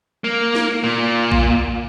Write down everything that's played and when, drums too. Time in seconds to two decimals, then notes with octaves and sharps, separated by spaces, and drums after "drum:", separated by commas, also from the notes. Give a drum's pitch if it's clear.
0.24 A#3
0.55 drum: snare
0.84 A#2
1.32 drum: kick A1